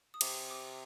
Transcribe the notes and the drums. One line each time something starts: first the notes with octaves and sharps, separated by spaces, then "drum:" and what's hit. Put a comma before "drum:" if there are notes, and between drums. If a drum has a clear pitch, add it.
D#6
C3 D6, drum: cymbal
D6